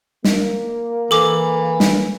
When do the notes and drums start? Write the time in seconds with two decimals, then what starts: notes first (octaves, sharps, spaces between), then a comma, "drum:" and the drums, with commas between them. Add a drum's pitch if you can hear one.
0.24 A#3, drum: snare
1.11 E3 A4 D6
1.80 drum: snare